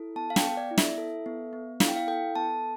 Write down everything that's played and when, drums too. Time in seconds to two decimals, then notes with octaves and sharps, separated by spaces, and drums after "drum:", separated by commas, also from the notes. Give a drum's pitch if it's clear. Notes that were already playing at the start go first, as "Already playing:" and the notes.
Already playing: E4 A4
0.16 B3 A5
0.30 F5
0.36 G5, drum: snare
0.44 B3
0.57 D5
0.71 E4
0.78 E5, drum: snare
0.98 A4
1.26 B3
1.53 B3
1.80 E4 F5, drum: snare
1.88 G5
1.96 F5
2.08 A4 G5
2.36 B3 A5